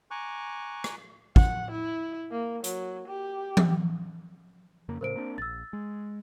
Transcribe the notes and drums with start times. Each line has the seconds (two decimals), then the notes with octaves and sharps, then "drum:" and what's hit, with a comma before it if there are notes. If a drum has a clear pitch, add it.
0.11 G#5 A#5 C#6 D6 F#6
0.84 drum: rim click
1.36 F#5, drum: kick
1.71 E4
2.31 A#3
2.64 F#3, drum: hi-hat
3.08 G4
3.57 drum: tom E3
4.88 F2 C#3 A#3
5.01 A2 C#3 A3 A#4 C5 D7
5.16 A#3 C4 D4
5.38 A#1 E6 A6
5.73 G#3